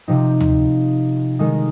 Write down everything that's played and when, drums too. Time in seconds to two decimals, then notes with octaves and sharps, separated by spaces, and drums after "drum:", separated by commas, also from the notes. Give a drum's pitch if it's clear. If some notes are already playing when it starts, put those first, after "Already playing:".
0.08 C3 F3 C4 D#4
0.40 drum: tom
1.39 D#3 G#3 D#4